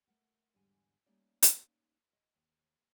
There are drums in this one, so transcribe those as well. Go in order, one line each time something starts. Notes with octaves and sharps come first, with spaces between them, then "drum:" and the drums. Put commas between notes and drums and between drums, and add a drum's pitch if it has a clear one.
A3 A#4 F#5
E2 G#2 D3 G3 G#5
G3 A3 A#3 C#4 D#4 D5
drum: hi-hat
D#5
D#2